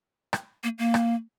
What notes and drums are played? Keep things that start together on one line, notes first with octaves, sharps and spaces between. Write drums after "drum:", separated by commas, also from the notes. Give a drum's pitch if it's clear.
drum: rim click
A#3
A#3
drum: rim click